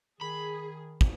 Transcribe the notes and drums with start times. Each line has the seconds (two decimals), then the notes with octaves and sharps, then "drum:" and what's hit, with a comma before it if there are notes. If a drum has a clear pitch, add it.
0.21 D#3 G#4 B5
1.01 drum: kick